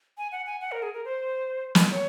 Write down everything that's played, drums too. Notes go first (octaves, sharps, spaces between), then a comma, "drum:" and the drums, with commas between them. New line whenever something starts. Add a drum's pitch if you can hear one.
G#5
F#5
G#5
F#5
A#4
G#4
A#4
C5
drum: snare
C#5